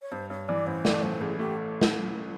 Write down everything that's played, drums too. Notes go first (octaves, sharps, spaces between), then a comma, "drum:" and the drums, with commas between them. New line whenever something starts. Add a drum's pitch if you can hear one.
C#5
G2 C5
G2 C#5
E3 D5
A1 C5
A3 D5, drum: snare
A1 C5
A1 G#4
A3 G4
drum: snare